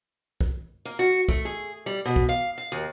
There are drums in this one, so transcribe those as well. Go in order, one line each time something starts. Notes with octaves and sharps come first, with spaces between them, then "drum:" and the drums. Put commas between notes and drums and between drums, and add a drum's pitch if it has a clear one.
drum: kick
A#3
F#4
A3, drum: kick
G#4
G3
B2
drum: kick
F5
F5
D#2